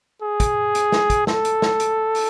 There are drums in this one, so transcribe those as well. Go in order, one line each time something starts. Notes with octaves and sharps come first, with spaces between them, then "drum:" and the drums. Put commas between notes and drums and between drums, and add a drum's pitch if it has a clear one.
G#4
drum: kick, hi-hat
drum: hi-hat
drum: snare
drum: kick, hi-hat
A4, drum: snare
drum: hi-hat
drum: snare
drum: hi-hat
drum: open hi-hat